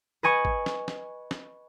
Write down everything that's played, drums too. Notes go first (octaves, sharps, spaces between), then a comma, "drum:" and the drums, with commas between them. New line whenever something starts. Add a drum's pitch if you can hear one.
B4 D#5 G#5 C#6
drum: kick
drum: snare
drum: snare
drum: snare